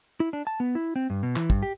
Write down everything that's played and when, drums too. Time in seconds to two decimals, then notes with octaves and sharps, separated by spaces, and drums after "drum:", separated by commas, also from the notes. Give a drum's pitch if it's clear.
0.20 E4
0.33 D4
0.47 A5
0.60 B3
0.75 E4
0.96 C4
1.10 G2
1.23 B2
1.36 E3, drum: clap
1.50 G2, drum: kick
1.63 G4